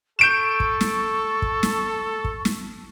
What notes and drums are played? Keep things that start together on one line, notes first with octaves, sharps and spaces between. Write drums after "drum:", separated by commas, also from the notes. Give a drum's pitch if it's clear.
A4 C#6 G6 D7 E7
drum: kick
drum: snare
drum: kick
drum: snare
drum: kick
drum: snare